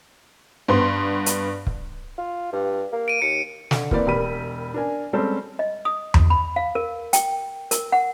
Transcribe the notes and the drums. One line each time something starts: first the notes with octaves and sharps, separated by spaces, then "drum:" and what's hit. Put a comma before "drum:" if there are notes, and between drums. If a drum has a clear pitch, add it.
G2 B3 C6
drum: hi-hat
drum: kick
F4
G2
A#3
D7 D#7
D#2 C#7
D3, drum: snare
E3 A#3 C4 A#4 B4 D5, drum: kick
E1 G4 A#4 B5 D#7
D4 A#4 G#5
G3 G#3 C4 C#4 A4
D#5
D#6
drum: tom E2
B5
F5
A#4
G5, drum: hi-hat
A#4, drum: hi-hat
F#5